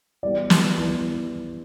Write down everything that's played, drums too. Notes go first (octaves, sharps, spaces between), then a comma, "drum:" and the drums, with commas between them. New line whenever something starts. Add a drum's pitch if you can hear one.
E3 G3 B3 D5
drum: snare
E3 G3 B3